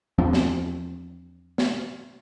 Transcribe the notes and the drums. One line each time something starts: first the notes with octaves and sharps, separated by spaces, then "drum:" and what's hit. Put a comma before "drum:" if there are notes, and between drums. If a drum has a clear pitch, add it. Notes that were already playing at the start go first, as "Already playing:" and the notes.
E2 F3 C4 D4
drum: snare
drum: snare